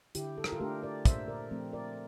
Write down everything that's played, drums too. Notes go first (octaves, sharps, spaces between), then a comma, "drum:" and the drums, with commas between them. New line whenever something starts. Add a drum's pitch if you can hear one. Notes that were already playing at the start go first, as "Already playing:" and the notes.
D3 E4 G4, drum: hi-hat
A4
A#4, drum: rim click
F4 A4
A3 D4 G4 A#4
A#4 D5
A#2 C5 E5, drum: kick, hi-hat
A#4 D5
F3 A3 C4
A#4 D5